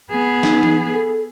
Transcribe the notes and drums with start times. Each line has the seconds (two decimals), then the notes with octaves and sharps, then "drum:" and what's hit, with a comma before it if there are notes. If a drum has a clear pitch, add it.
0.11 B3 G#4
0.43 D#4, drum: snare
0.63 drum: tom E3
0.94 A4